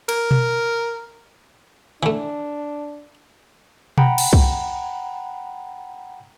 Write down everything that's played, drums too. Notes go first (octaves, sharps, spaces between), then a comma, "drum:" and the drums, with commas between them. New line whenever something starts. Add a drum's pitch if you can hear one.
A#4, drum: cymbal
drum: tom B2
E3 A3 D4
F#5 G5 A#5 B5, drum: tom B2
drum: cymbal
drum: kick